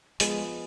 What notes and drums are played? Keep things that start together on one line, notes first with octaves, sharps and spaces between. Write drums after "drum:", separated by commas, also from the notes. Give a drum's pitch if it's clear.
F3 G#3 B3 F4 G#4, drum: hi-hat